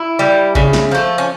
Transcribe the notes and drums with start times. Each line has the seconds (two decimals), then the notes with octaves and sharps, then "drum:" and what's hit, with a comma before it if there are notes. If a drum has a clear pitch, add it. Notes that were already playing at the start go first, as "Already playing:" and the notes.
Already playing: E4
0.19 G3
0.55 C#3, drum: kick A#1
0.73 drum: snare
0.91 F3 A3
1.18 C#4